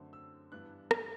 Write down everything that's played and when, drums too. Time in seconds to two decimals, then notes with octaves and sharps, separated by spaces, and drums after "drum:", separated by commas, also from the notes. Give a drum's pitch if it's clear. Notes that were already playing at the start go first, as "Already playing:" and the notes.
Already playing: F#2 D3 A3 C4
0.13 E6
0.52 G2 E3 B3 D4 F#6
0.91 drum: rim click